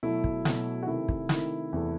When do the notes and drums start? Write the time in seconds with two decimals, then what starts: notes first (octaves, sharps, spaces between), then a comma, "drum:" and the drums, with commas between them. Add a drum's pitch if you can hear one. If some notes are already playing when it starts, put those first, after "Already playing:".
0.03 B2 F#3 A3 E4
0.24 drum: kick
0.45 B2 F#3 A3, drum: snare
0.83 F#4
0.87 C3 D#3 A3 E4
1.08 drum: kick
1.29 C3 D#3 A3 E4, drum: snare
1.73 E2 C3 E3 A3